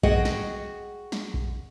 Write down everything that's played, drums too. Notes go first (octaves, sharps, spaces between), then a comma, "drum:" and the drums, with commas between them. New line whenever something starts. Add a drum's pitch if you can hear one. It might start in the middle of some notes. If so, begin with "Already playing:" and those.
F#4 G#4 D#5 F#5 G5, drum: kick A#1
drum: snare
drum: snare
drum: kick A#1